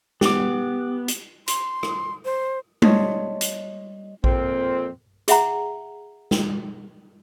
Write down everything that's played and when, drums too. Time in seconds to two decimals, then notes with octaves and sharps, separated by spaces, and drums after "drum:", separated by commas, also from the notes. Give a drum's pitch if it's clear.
0.21 B3 G4 D6, drum: snare
1.08 drum: hi-hat
1.48 C6, drum: hi-hat
1.83 drum: rim click
2.25 C5
2.82 G3 C#5 D#5 A5 C6, drum: tom G#3
3.41 drum: hi-hat
4.24 F2 A#2 C4, drum: kick A#1
5.28 G#4 E5 F#5 A#5, drum: hi-hat
6.31 drum: snare